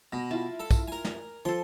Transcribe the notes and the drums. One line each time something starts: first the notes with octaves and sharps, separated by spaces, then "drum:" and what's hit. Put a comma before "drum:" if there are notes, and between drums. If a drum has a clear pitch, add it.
B2 A#6
E4 F4 A5
A4
drum: kick, tambourine
A#4 G#5
drum: snare
F3 A4 C6